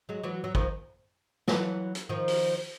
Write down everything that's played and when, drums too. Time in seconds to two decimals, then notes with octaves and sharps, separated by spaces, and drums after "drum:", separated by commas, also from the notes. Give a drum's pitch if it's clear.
0.09 F#3 G#3
0.23 E3 F#3
0.44 F#3
0.55 D#3 F3, drum: kick
1.48 E3 F#3, drum: snare
1.95 drum: hi-hat
2.09 D#3 F3
2.28 drum: open hi-hat